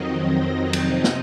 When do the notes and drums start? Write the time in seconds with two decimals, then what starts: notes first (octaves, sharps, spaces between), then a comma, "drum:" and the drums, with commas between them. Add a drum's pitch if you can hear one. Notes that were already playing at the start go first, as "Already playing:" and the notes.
Already playing: F2 D#3 F#3 C4 D#4 D#5
0.73 C3 F3 C4 D#4 D#5, drum: cymbal
1.04 drum: snare